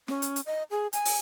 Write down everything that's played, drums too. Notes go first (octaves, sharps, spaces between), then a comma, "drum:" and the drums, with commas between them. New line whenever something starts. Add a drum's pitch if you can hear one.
C#4, drum: snare
drum: hi-hat
drum: hi-hat
D#5
G#4
G#5, drum: hi-hat
drum: open hi-hat